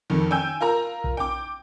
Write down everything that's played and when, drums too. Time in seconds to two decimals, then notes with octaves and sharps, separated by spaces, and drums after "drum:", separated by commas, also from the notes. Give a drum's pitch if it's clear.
0.10 F2 D#3
0.31 G5 G#5 E6 G6
0.61 F4 A#4 A#5
1.04 drum: kick B1
1.17 G5 D6